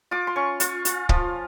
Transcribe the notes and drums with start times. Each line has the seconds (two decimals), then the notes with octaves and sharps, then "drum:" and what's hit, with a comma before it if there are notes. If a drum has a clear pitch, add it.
0.11 F4 D6
0.27 C6
0.36 C#4 C#6
0.60 F4 C#6, drum: hi-hat
0.85 F4, drum: hi-hat
1.09 F3, drum: kick